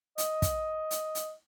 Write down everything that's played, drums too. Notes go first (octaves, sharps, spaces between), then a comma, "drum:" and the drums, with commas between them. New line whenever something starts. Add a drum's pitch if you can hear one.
D#5, drum: hi-hat
drum: kick, hi-hat
drum: hi-hat
drum: hi-hat